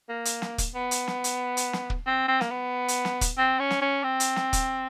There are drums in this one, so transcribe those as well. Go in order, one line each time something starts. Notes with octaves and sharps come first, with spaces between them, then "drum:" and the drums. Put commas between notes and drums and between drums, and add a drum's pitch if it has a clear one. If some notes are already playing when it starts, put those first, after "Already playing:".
A#3
drum: hi-hat
drum: snare
drum: kick, hi-hat
B3
drum: hi-hat
drum: snare
drum: hi-hat
drum: hi-hat
drum: snare
drum: kick
C4
C4
A#3, drum: snare
B3
drum: hi-hat
drum: snare
drum: kick, hi-hat
C4
C#4
drum: snare
C#4
C4
drum: hi-hat
drum: snare
drum: kick, hi-hat